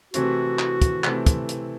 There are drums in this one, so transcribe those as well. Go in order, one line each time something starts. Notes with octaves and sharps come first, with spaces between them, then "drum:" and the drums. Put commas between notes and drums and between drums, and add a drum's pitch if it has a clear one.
C3 E3 A3 C4 E4 F#4, drum: hi-hat
drum: clap
drum: kick, hi-hat
C3 E3 A3 C4 E4, drum: clap
drum: kick, hi-hat
drum: hi-hat